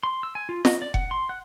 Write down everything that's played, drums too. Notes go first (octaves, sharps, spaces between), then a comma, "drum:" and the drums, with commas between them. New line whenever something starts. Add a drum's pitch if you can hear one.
C6
E6
G#5
F4
D#5, drum: snare
D5
F#5, drum: kick F1
C6
F#5